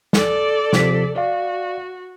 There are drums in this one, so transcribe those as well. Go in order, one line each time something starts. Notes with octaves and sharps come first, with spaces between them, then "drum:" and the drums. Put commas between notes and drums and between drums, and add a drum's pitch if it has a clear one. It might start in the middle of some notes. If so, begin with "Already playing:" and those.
A4 D5, drum: snare
C3 F3 B6, drum: snare
F#4 D5 F5